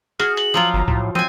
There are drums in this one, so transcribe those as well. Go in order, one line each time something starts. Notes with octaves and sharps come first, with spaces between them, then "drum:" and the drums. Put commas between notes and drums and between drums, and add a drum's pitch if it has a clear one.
F#4 G#4 F6, drum: hi-hat
F#7, drum: hi-hat
F3 F#3 F4
G1 A#5
A2, drum: kick B1
F3 C4 G#5 D#7